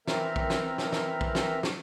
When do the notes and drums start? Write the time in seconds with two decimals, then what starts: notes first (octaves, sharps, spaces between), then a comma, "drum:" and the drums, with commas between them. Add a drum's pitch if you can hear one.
0.08 E3 C4 A#4 E5 A#5, drum: snare
0.36 drum: kick
0.50 drum: snare
0.78 drum: snare
0.93 drum: snare
1.21 drum: kick
1.35 drum: snare
1.63 drum: snare